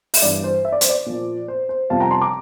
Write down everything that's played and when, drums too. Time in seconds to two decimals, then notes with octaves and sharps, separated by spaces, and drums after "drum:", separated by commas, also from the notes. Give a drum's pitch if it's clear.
0.14 E5, drum: open hi-hat
0.22 G2 E3 G3 D5
0.44 C5
0.65 E5
0.72 D5
0.81 C5, drum: hi-hat
0.89 D5
1.06 A#2 F3
1.48 C5
1.69 C5
1.90 F2 C3 G3 F5 A5
2.00 G5 A#5
2.11 A5 C6
2.22 A#5 D6